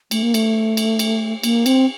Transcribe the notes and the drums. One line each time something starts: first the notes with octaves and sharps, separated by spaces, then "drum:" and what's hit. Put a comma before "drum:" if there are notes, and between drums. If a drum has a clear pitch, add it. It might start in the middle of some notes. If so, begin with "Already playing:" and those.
A3, drum: cymbal
A#3
A3, drum: cymbal
drum: cymbal
drum: cymbal
A#3, drum: cymbal
C4, drum: cymbal